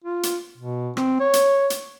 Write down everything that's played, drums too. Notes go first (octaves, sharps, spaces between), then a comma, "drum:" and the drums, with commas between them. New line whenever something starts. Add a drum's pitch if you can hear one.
F4
drum: hi-hat
B2
C4, drum: rim click
C#5
drum: hi-hat
drum: hi-hat